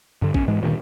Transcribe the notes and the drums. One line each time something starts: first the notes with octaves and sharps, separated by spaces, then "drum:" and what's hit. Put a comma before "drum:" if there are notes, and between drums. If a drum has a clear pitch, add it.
G2 D3
G1 C#4, drum: kick A1
G#2 E3 G#3
D2 G2 A#2 D#3